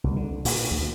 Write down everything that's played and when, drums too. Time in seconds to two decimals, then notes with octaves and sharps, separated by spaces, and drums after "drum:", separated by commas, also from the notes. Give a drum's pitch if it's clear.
0.04 C2
0.16 D3
0.45 A#2, drum: open hi-hat
0.71 D2